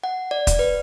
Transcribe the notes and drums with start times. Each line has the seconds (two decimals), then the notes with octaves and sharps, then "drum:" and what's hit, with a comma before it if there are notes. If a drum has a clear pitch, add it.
0.04 F#5
0.31 D5
0.47 D5, drum: kick, hi-hat
0.59 B4